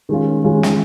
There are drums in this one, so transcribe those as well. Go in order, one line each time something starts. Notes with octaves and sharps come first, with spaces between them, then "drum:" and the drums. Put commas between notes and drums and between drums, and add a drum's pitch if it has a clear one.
D#3 G#3 C#4 F4
D#3 G#3 C#4 F4
drum: snare